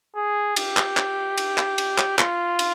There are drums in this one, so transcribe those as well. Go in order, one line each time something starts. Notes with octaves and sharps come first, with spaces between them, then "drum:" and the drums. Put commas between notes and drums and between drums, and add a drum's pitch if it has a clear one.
G#4
G4, drum: cymbal
drum: clap
drum: clap
drum: cymbal
drum: clap
drum: cymbal
drum: clap
F4, drum: clap
drum: cymbal